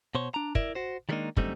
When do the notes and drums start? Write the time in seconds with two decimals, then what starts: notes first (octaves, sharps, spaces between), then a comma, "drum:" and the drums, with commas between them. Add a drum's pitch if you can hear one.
0.15 B2 C5 C#5
0.34 D4 A#5
0.55 E4 A#4 D5 E5, drum: kick
0.75 F#4 C5
1.09 D#3 G3 G#3 A#3 D4 D#4
1.37 F#2 D3 G3 A3 C4 D#4, drum: kick